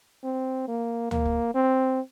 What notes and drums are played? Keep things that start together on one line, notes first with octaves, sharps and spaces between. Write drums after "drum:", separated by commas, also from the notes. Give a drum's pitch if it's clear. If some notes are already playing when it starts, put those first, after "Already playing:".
C4
A#3
A#3, drum: tom D2
drum: kick
C4